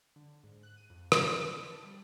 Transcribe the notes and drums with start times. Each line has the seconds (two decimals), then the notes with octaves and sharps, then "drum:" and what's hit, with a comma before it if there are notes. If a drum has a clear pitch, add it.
0.16 D3
0.43 G#2
0.63 F#6
0.77 D#7
0.90 F2
1.12 D5, drum: rim click
1.58 B5
1.71 A5
1.83 G3